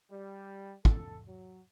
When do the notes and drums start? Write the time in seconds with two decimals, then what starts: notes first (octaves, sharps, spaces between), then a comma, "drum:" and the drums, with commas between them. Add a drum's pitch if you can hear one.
0.11 G3
0.85 A4, drum: kick
1.28 F#3